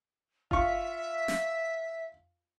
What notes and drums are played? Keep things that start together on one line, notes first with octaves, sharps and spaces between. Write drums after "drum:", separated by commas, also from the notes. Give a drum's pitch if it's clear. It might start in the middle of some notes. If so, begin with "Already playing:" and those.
F4 E5 C#6, drum: kick F#1
drum: snare